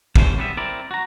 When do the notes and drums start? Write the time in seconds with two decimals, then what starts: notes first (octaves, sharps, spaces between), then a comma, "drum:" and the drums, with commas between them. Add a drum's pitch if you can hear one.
0.16 C2 G2 D3 E3 C#4 C5, drum: kick
0.38 G3 B3 E5
0.57 C4 E4 A#4 D5
0.91 F#4 A#5